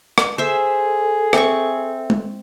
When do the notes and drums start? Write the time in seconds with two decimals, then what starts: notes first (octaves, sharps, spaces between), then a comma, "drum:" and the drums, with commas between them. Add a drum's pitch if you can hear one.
0.18 drum: rim click
0.38 G#4 A4 C5 E5
1.33 C4 E5 G5 C#6, drum: rim click
2.10 drum: tom G#3